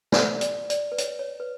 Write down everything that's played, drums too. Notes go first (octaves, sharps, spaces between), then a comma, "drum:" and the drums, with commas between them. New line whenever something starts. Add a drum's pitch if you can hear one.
D5, drum: snare
D5, drum: hi-hat
D5, drum: hi-hat
B4
C#5, drum: hi-hat
C#5
B4